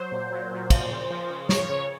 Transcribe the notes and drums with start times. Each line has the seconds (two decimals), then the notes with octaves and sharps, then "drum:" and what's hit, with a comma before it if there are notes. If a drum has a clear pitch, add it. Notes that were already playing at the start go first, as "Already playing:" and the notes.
Already playing: F#3 C5
0.12 A#2
0.32 F#3
0.52 A#2
0.70 F3, drum: kick, cymbal
0.90 C#3
1.10 F3
1.30 C#3
1.49 F3 C#5, drum: snare
1.69 C#3